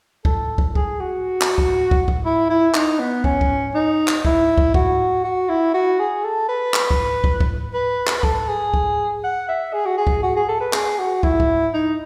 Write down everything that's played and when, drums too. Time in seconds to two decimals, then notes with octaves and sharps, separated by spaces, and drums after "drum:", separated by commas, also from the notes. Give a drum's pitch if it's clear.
0.25 A4, drum: kick
0.58 drum: kick
0.75 G#4, drum: kick
1.00 F#4
1.41 drum: clap
1.58 drum: kick
1.91 drum: kick
2.08 drum: kick
2.25 E4
2.50 E4
2.74 D#4, drum: clap
2.99 B3
3.24 C#4, drum: kick
3.41 drum: kick
3.74 D#4
4.08 drum: clap
4.25 E4, drum: kick
4.58 drum: kick
4.74 F#4, drum: kick
5.24 F#4
5.49 E4
5.74 F#4
5.99 G#4
6.24 A4
6.48 B4
6.74 drum: clap
6.91 drum: kick
7.24 drum: kick
7.40 drum: kick
7.74 B4
8.07 drum: clap
8.18 B4
8.23 A4, drum: kick
8.48 G#4
8.74 drum: kick
9.24 F#5
9.49 E5
9.73 G#4
9.85 F#4
9.97 G#4
10.07 drum: kick
10.23 F#4
10.36 G#4
10.49 A4
10.60 B4
10.73 G#4, drum: clap
10.98 F#4
11.23 E4, drum: kick
11.40 drum: kick
11.74 D#4